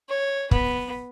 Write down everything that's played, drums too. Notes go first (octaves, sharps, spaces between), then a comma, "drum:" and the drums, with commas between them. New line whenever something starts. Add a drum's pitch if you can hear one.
C#5
B3, drum: kick